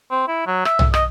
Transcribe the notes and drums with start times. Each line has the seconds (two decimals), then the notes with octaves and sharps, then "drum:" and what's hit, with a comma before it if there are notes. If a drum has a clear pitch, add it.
0.11 C4
0.28 E4
0.47 F#3
0.65 E5, drum: rim click
0.79 drum: tom B1
0.94 D#5, drum: rim click